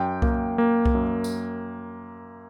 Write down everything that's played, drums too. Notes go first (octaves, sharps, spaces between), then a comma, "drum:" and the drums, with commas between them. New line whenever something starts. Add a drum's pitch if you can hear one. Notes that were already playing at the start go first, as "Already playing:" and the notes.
Already playing: F#2 G5
A#3, drum: kick C2
A#3
drum: kick C2
F#2
drum: tambourine